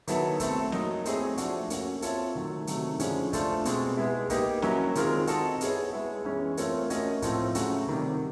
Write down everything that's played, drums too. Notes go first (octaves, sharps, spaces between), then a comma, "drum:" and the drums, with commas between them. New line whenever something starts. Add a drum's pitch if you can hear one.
D#3 F#3 B3 E4 A4, drum: hi-hat
A3 C4 E4 A4, drum: kick, hi-hat
F#3 A#3 D#4, drum: snare
A3 C4 E4 G#4 C#5, drum: hi-hat
F3 A3 D4 F#4, drum: hi-hat
A#3 C#4 F#4, drum: hi-hat
C4 F4 A4 C#5 E5, drum: hi-hat
D#3 F#3 A3
C3 D#3 F#3 A3, drum: hi-hat
D3 F3 G#3 C#4 E4, drum: hi-hat
A3 D4 F4 A4 C5, drum: kick, hi-hat
B2 G#3 C4, drum: hi-hat
G#3 B3 E4 G#4
A#3 D#4 G4 B4, drum: kick, hi-hat
F#3 A#3 C#4 E4, drum: snare
D#3 G#3 C4 F4 A#4, drum: hi-hat
C4 D#4 F#4 A4, drum: hi-hat
B3 E4 G#4 C#5, drum: hi-hat
G#3 B3 E4
E3 G#3 C#4
A3 C4 F4 A#4 C#5, drum: hi-hat
A3 C#4 F#4 A#4 D#5, drum: hi-hat
A2 F3 A3 C4 F4, drum: kick, hi-hat
C#3 F#3 A3 C#4 F#4, drum: hi-hat
C3 D#3 G3